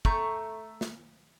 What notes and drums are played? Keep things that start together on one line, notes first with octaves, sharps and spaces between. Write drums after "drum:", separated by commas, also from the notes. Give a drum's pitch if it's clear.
A3 A#5 C#6 G6, drum: kick
drum: snare